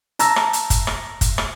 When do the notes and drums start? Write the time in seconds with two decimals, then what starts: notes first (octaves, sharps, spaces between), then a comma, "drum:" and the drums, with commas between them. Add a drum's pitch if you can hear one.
0.19 A5 A#5 E6 A#6, drum: hi-hat
0.36 drum: rim click
0.53 drum: hi-hat
0.70 drum: kick, hi-hat
0.87 drum: rim click
1.21 drum: kick, hi-hat
1.38 drum: rim click